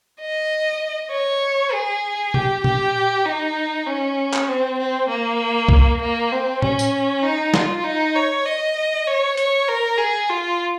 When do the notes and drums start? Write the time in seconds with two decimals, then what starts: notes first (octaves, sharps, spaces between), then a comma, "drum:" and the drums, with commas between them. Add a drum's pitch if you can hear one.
0.21 D#5
1.11 C#5
1.73 G#4
2.34 G4, drum: tom A#2
2.64 G4, drum: tom A#2
3.26 D#4
3.87 C#4
4.34 drum: clap
4.48 C4
4.79 C4
5.09 A#3
5.69 drum: kick C2
6.02 A#3
6.32 C4
6.62 C#4, drum: tom A2
6.79 drum: tambourine
7.23 D#4
7.54 F4, drum: snare
7.84 D#4
8.16 C#5
8.46 D#5
9.07 C#5
9.37 C#5, drum: hi-hat
9.68 A#4
9.98 G#4
10.30 F4